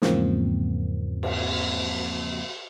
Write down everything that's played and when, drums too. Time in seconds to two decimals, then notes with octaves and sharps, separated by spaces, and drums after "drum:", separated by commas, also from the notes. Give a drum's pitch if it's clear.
0.02 E2 G#2 C#3 F3 A#3 C4, drum: snare
1.23 drum: cymbal